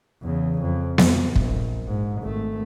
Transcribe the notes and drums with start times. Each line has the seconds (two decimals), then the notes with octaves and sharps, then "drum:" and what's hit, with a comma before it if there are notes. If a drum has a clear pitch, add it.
0.23 E2 C#3
0.63 F2
0.98 F2, drum: snare B3
1.36 A#1, drum: kick
1.88 G#2
2.23 G#1 A3